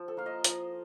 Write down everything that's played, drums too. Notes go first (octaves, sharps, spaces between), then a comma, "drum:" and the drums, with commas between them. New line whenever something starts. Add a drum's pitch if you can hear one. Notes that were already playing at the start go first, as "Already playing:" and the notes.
Already playing: F3
A4
A#3 F4 F5
D#5
F3, drum: hi-hat